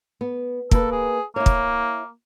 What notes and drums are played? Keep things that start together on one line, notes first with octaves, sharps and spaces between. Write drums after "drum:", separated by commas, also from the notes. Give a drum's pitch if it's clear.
B3
A#3 A4 B4, drum: kick
G#4
A#3 E4 C#5
drum: kick